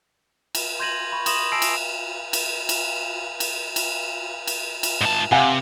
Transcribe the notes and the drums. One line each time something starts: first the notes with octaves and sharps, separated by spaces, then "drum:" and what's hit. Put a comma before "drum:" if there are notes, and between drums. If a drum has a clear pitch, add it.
drum: cymbal
C6 G6 G#6 A#6 D#7 F#7
B5 C#6
C6 D#6 A#6 E7 F#7, drum: cymbal
G#5 A5 E6 A#6 C7 D7
drum: cymbal
drum: cymbal
drum: cymbal
drum: cymbal
drum: cymbal
drum: cymbal
drum: cymbal
G#2 A5
C3 F5 F#5 G#5